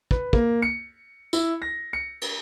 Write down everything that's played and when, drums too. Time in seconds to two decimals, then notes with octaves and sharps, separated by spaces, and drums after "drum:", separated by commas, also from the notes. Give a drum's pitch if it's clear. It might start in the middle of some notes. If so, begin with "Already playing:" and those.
0.11 B4, drum: kick
0.33 A#3, drum: kick
0.62 C#7
1.33 E4, drum: tambourine
1.62 A#6
1.93 C#7
2.21 drum: cymbal